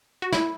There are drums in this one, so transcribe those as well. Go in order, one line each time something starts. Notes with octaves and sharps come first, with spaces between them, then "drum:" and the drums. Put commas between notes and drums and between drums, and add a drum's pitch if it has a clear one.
F#4
E4, drum: snare